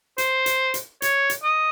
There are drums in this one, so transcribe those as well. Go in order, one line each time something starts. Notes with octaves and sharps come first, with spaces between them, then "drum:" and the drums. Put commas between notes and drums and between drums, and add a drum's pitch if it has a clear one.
C5, drum: hi-hat
drum: hi-hat
drum: hi-hat
C#5, drum: hi-hat
drum: hi-hat
D#5